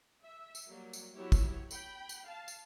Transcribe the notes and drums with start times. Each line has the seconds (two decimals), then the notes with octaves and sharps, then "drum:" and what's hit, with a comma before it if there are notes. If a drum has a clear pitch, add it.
0.24 E5
0.55 drum: tambourine
0.68 F#3 G3 A#3
0.93 drum: tambourine
1.14 F#3 B3 E4 G4 C#5 E5
1.32 drum: kick, tambourine
1.71 G5 B5, drum: tambourine
2.09 drum: tambourine
2.26 F5 A5
2.48 drum: tambourine